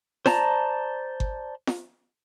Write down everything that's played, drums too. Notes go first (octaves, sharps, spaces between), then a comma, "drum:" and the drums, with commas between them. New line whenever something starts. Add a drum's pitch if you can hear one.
C5 D5 A5 A#5, drum: snare
drum: kick G1
drum: snare